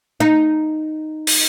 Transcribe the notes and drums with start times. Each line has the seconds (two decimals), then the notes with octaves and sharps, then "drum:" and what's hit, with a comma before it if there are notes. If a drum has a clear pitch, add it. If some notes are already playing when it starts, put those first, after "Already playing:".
0.20 D#4
1.27 drum: open hi-hat